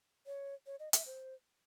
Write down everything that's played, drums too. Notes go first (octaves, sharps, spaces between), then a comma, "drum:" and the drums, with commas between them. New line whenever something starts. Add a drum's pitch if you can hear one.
C#5
C#5
D#5
E5, drum: hi-hat
C5